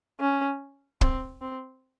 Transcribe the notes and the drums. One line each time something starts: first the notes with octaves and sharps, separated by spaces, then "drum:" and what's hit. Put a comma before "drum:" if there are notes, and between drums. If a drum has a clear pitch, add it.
C#4
C4, drum: kick
C4